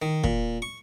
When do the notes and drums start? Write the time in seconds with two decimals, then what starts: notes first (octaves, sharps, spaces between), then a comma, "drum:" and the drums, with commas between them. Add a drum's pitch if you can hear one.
0.02 D#3
0.24 A#2, drum: kick
0.62 C#6